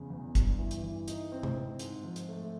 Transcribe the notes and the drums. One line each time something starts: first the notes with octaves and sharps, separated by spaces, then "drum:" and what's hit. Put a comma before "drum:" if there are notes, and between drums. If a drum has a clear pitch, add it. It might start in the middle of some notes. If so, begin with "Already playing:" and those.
Already playing: E2 C#3
E2
G2, drum: kick, hi-hat
E3
drum: hi-hat
E3
D#4, drum: hi-hat
C4
drum: tom
C4
G#2, drum: hi-hat
F3
drum: hi-hat
A3